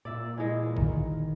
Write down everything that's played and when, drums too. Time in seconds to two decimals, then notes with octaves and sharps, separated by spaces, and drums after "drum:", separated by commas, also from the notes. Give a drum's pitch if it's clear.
0.05 A#2 D5 E5
0.38 E3 G#3
0.77 D#3, drum: kick